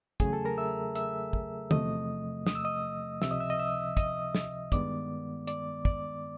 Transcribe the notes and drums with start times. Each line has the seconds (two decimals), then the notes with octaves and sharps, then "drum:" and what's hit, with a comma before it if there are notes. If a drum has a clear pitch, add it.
0.20 E2 C#3 F#3 A3 G#4 G#5, drum: kick, hi-hat
0.33 A4 A5
0.45 A#4 A#5
0.58 E5 E6
0.95 E5 E6, drum: hi-hat
1.33 drum: kick
1.71 E2 C3 F3 A3 D#5 D#6, drum: tom D3
2.47 D#6, drum: snare
2.55 E6
2.65 D#5 D#6
3.22 C#2 C3 F3 E5 E6, drum: snare
3.31 D#5 D#6
3.40 E5 E6
3.50 D#5 D#6
3.59 E5 E6
3.97 D#5 D#6, drum: kick, hi-hat
4.35 drum: snare
4.72 G2 D#3 G#3 B3 D5 D6, drum: kick, hi-hat
5.47 D5 D6, drum: hi-hat
5.85 D5 D6, drum: kick